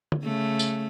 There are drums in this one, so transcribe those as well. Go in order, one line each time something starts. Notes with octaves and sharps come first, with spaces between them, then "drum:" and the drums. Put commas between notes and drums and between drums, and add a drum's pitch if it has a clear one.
drum: tom D3
C#3 A3
drum: tambourine